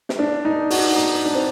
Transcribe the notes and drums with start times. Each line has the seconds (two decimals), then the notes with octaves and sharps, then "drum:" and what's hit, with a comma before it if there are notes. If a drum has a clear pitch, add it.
0.09 drum: snare
0.19 D4
0.45 D#4
0.70 F#4, drum: open hi-hat
0.96 D#4
1.25 D4
1.35 C4